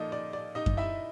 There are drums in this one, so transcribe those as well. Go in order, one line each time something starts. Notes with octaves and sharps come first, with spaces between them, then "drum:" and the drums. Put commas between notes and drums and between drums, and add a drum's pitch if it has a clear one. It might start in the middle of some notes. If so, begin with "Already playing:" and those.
Already playing: A#2 F3 A#3 D#4 A4 D5 D#5
D5
D5
D#4 D#5
drum: kick F#2
E4 E5